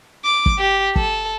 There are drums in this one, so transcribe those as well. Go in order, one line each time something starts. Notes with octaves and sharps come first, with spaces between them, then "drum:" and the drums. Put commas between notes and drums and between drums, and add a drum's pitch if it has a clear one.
D6
drum: kick
G4
A4, drum: kick